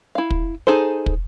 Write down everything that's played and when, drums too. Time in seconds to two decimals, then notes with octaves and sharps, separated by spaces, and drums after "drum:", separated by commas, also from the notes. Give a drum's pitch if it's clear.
0.15 E4 F5
0.30 drum: kick
0.67 D#4 G#4 A4 C5
1.06 drum: kick